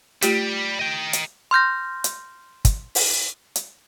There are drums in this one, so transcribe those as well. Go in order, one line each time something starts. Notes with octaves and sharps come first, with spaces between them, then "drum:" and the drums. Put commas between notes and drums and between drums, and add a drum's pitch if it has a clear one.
G3 A3 F4 G4, drum: hi-hat
D#5 G5
drum: hi-hat
C6 F6 G6 A#6
drum: hi-hat
drum: kick, hi-hat
drum: open hi-hat
drum: hi-hat